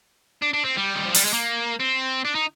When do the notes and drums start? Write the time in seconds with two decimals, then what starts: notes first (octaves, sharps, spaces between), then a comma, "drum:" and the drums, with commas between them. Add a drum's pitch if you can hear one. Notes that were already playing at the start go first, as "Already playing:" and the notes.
0.42 D4
0.54 D4
0.65 C4
0.77 G3
0.95 D#3
1.05 F3
1.15 G3, drum: open hi-hat
1.24 G#3
1.33 A#3
1.80 C4
2.25 D4
2.35 D#4